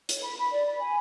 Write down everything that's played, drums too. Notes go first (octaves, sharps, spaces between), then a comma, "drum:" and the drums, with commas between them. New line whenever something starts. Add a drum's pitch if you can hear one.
C#5, drum: hi-hat
B5
B5
D5
B5
G#5